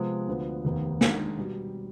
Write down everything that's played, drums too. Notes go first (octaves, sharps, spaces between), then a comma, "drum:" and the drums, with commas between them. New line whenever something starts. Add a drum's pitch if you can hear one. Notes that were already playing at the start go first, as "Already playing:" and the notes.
Already playing: C3 F3 G#3 B3
D2 D3 F3 B3
F1 D#2 D#3 B3
D#3 G#3 D4, drum: snare
B2 G3